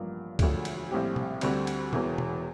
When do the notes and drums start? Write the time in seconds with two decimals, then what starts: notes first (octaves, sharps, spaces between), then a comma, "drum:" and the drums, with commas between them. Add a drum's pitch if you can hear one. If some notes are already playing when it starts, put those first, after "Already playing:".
Already playing: A1 G2 F3 A#3
0.39 E1 D2 D3 F3 A3, drum: kick C#2, cymbal
0.65 drum: cymbal
0.91 A#1 A2 G3 C4 G4
1.16 drum: tom
1.41 D2 D3 G3 C4, drum: cymbal
1.67 drum: cymbal
1.93 E1 E2 E3, drum: tom
2.18 drum: tom